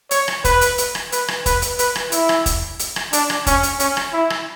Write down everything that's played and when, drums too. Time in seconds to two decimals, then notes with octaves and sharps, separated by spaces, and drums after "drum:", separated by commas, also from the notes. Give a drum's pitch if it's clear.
0.11 C#5, drum: hi-hat
0.28 drum: rim click
0.45 B4, drum: kick, hi-hat
0.61 drum: hi-hat
0.78 drum: hi-hat
0.95 drum: rim click
1.12 B4, drum: hi-hat
1.28 drum: rim click
1.46 B4, drum: kick, hi-hat
1.62 drum: hi-hat
1.79 B4, drum: hi-hat
1.95 drum: rim click
2.12 E4, drum: hi-hat
2.29 drum: rim click
2.46 drum: kick, hi-hat
2.79 drum: hi-hat
2.96 drum: rim click
3.13 D4, drum: hi-hat
3.30 drum: rim click
3.47 C#4, drum: kick, hi-hat
3.63 drum: hi-hat
3.80 C#4, drum: hi-hat
3.97 drum: rim click
4.13 E4
4.30 drum: rim click